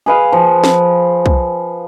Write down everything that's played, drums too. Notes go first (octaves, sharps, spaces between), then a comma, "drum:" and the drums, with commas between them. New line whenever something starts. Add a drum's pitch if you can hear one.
G#4 B4 F5
F3
drum: snare
drum: kick